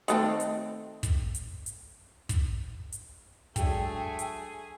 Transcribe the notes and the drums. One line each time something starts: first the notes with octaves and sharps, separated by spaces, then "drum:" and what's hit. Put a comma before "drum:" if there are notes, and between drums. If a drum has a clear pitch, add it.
D#3 A3 C4, drum: hi-hat
drum: hi-hat
drum: kick, hi-hat
drum: hi-hat
drum: hi-hat
drum: kick, hi-hat
drum: hi-hat
F#3 G#3 A3 D4 G#4 G5, drum: kick, hi-hat
drum: hi-hat